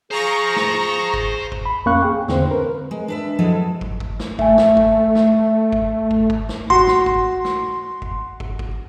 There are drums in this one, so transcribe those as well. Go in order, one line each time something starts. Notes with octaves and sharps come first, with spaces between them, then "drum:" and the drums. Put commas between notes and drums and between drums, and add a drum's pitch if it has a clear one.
G#4 C5 F5 A#5 C#6 A#6
drum: snare
drum: kick
drum: kick
B5
F2 A#3 C#4 F5 C#6 F#6
G#4 G5
E2 D3 C4 C5, drum: snare
A#4 B4
G#3
D4 B4 E5
F3 F#3 G#3 E4 A4
drum: kick
drum: kick
drum: snare
A3 E5 G#5, drum: kick
drum: snare
drum: kick
drum: snare
drum: kick
drum: kick
drum: kick
drum: snare
F#4 C6, drum: kick
drum: snare
drum: kick
drum: snare
drum: kick
drum: kick
drum: kick